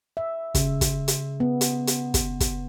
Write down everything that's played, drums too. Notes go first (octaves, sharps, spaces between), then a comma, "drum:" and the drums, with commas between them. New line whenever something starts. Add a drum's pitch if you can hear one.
E5
C#3, drum: kick, hi-hat
drum: kick, hi-hat
drum: hi-hat
B3
drum: hi-hat
drum: hi-hat
drum: kick, hi-hat
drum: kick, hi-hat